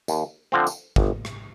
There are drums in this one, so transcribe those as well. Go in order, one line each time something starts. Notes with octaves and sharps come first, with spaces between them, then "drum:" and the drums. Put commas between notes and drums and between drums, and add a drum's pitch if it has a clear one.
D#2, drum: tambourine
D3 F3 C4
drum: tambourine
G1, drum: kick
drum: rim click